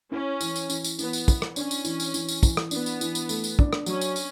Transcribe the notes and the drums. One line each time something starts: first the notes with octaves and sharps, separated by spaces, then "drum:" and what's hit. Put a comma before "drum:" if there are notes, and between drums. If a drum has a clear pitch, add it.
C#4 E4
E3, drum: tambourine
drum: tambourine
E3, drum: tambourine
drum: tambourine
E3 B3, drum: tambourine
drum: tambourine
E4, drum: kick, tambourine
drum: rim click
C#4 D4, drum: tambourine
drum: tambourine
E3, drum: tambourine
drum: tambourine
E3, drum: tambourine
drum: tambourine
E3, drum: kick, tambourine
drum: rim click
B3 D4, drum: tambourine
drum: tambourine
E3, drum: tambourine
drum: tambourine
A3, drum: tambourine
drum: tambourine
D4, drum: kick
drum: rim click
F#3 C#4, drum: tambourine
drum: tambourine
drum: tambourine